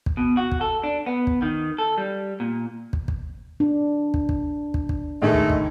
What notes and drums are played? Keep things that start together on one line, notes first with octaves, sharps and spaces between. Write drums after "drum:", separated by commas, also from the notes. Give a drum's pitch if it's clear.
drum: kick
B2
F#4
drum: kick
A4
D4
B3
drum: kick
D#3
A4
G3
A#2
drum: kick
drum: kick
D4
drum: kick
drum: kick
drum: kick
drum: kick
A2 D#3 G#3 A3
drum: kick
drum: kick